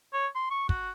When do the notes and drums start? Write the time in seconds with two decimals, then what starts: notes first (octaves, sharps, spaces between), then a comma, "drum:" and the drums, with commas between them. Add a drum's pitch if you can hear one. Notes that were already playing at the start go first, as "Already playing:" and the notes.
0.13 C#5
0.36 C6
0.51 C#6
0.69 F#4, drum: kick